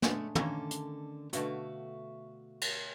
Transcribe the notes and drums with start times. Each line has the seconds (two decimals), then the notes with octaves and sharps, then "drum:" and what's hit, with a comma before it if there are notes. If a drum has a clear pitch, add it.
0.02 G#3 A3 C#4 D4, drum: snare
0.35 D3 D#3 A#3 C#4 A4, drum: tom
0.71 drum: hi-hat
1.33 B2 D3 A3 F#4 E5 F5, drum: hi-hat
2.61 drum: cymbal